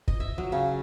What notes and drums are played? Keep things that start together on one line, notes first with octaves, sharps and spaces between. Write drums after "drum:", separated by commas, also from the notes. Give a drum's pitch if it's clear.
D#5, drum: kick
E5
F#3
C#3